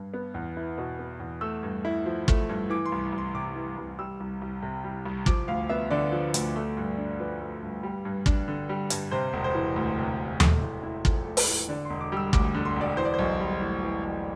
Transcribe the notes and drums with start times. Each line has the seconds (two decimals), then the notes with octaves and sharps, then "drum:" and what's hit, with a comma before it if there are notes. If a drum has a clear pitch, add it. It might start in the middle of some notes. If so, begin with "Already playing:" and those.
Already playing: G2
0.14 B3
0.34 E2
0.57 E4
0.78 B2
0.99 B3
1.20 E2
1.41 A3 E6
1.63 G2
1.85 E4
2.06 F3
2.28 A3, drum: kick
2.49 G2
2.69 E3 D6
2.86 C6
2.92 C2
3.12 C2
3.18 C6
3.34 C3 D6
3.55 E3
3.77 C2
3.99 G3 E6
4.20 C2
4.41 C2
4.62 C3
4.84 G3
5.05 C2
5.26 F3 D6, drum: kick
5.48 D2 F5
5.69 B3 E5
5.90 D3 D5
6.12 F3
6.34 D2, drum: hi-hat
6.56 A3
6.77 G2
6.98 D4
7.19 F3 B4
7.41 A3
7.63 G2
7.83 G3
8.05 G2
8.26 D4, drum: kick
8.48 D3
8.69 G3
8.90 G2, drum: hi-hat
9.11 C3 C5
9.33 E1
9.44 C5
9.55 E3
9.76 D2
9.98 C3
10.18 E1
10.40 A3, drum: tom D#2
10.62 A2
10.83 E4
11.05 F3 A4, drum: kick
11.26 A3
11.37 B4, drum: open hi-hat
11.48 A2
11.69 D3 D5
11.85 E1 C6
12.01 D6
12.12 G3 E6
12.33 D2 D6, drum: kick
12.54 D3
12.65 C6
12.76 E1
12.81 D5
12.97 E3 C5
13.05 D5
13.14 B1 C5
13.40 G3
13.61 A2
13.83 E3
14.05 B1